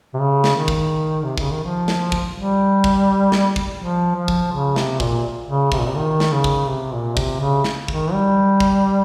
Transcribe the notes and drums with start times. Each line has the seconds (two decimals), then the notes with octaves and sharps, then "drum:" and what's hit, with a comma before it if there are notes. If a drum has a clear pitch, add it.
0.14 C3
0.19 C#3
0.44 drum: snare
0.56 D#3
0.68 drum: kick
1.23 C3
1.38 C#3, drum: kick
1.51 D#3
1.64 F3
1.88 drum: snare
2.12 drum: kick
2.35 G3
2.84 drum: kick
3.32 drum: snare
3.56 drum: kick
3.80 F3
4.16 F3
4.28 drum: kick
4.52 C#3
4.76 C3, drum: snare
5.00 A#2, drum: kick
5.48 C#3
5.72 C3, drum: kick
5.79 A#2
5.87 C3
5.96 D#3
6.20 drum: snare
6.32 C#3
6.44 drum: kick
6.68 C3
6.93 A#2
7.17 C3, drum: kick
7.40 C#3
7.64 drum: snare
7.88 D#3, drum: kick
8.13 G3
8.60 drum: kick